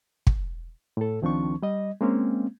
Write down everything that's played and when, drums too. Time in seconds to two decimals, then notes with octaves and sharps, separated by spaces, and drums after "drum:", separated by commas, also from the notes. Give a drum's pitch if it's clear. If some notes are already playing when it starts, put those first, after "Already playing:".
0.27 drum: kick
0.97 A2 A4
1.22 C#2 D#3 F3 C4 D4 C#6
1.62 G3 D#5
2.01 G#3 A#3 C4 C#4